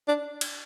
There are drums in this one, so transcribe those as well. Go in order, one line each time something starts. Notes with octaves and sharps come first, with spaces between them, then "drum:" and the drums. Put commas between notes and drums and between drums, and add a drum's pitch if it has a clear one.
D4
drum: cymbal